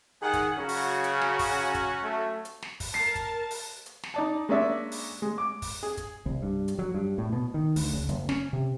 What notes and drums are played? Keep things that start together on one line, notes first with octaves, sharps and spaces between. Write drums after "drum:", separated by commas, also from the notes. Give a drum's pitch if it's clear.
D#3 G#4 F#5
drum: kick, hi-hat
C#3 F#3 C#4 F#4
drum: open hi-hat
drum: hi-hat
drum: snare
drum: kick, open hi-hat
drum: kick, hi-hat
A3
drum: hi-hat
drum: snare
drum: kick, open hi-hat
A#4 A5 C7
drum: kick, hi-hat
drum: open hi-hat
drum: hi-hat
drum: snare
D#4 D5 A5
G#3 A#3 C#4 D4 D5 E5
drum: open hi-hat
G#3
D6
drum: kick, open hi-hat
G#4
drum: kick, hi-hat
C2
G2
drum: hi-hat
F#3
G2
A2
B2
D#3
D2, drum: open hi-hat
C#2
F#1, drum: hi-hat
C#4, drum: snare
C3